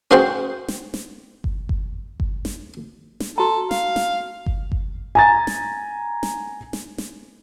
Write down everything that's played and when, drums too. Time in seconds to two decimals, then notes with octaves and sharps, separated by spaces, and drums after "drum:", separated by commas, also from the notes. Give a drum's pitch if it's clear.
0.11 C#4 F#4 G#4 C5 F#5 G5
0.68 drum: snare
0.94 drum: snare
1.44 drum: kick G1
1.69 drum: kick G1
2.20 drum: kick G1
2.45 drum: snare
3.20 drum: snare
3.38 F#4 A4 A#5
3.71 F5, drum: snare
3.96 drum: snare
4.46 drum: kick G1
4.72 drum: kick G1
5.15 G#5 A#5 A6
5.47 drum: snare
6.23 drum: snare
6.73 drum: snare
6.98 drum: snare